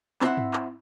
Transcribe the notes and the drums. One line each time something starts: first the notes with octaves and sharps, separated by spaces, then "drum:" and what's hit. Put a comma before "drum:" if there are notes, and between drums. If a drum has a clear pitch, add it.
C4 E4 C5 D#5 E5 F#5, drum: clap
drum: tom G#2
drum: clap